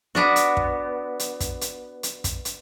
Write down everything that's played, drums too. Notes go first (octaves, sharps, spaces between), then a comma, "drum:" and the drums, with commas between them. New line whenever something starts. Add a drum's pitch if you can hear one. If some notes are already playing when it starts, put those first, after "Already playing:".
B3 D4 F#4
drum: hi-hat
drum: kick
drum: hi-hat
drum: kick, hi-hat
drum: hi-hat
drum: hi-hat
drum: kick, hi-hat
drum: hi-hat